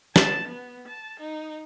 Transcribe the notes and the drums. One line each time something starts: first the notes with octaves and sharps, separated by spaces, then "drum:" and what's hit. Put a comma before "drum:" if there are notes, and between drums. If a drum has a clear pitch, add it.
A5, drum: snare
B3
A5
D#4